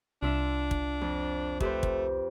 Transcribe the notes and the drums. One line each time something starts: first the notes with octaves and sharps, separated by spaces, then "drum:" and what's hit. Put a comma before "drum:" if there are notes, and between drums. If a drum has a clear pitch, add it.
C2 D4 F4 E5
drum: kick
F2
A3 G4 B4 C5, drum: kick
drum: kick